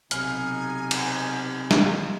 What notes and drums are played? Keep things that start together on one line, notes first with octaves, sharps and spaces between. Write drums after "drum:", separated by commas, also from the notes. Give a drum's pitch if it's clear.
B1 C3 D#4 G#5 F6, drum: hi-hat
drum: cymbal
drum: snare